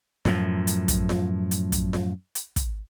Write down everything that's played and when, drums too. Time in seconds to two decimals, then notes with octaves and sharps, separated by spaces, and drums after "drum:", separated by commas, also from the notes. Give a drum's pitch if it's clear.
0.25 F#2 A2 F3, drum: snare F4
0.67 drum: hi-hat
0.88 drum: kick, hi-hat
1.09 drum: snare F4
1.51 drum: hi-hat
1.72 drum: kick, hi-hat
1.93 drum: snare F4
2.35 drum: hi-hat
2.56 drum: kick, hi-hat